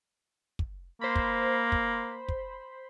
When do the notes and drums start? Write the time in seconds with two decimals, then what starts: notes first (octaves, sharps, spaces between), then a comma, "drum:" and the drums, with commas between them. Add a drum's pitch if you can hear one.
0.59 drum: kick
1.01 A#3 C5 B5
1.16 drum: kick
1.72 drum: kick
2.28 drum: kick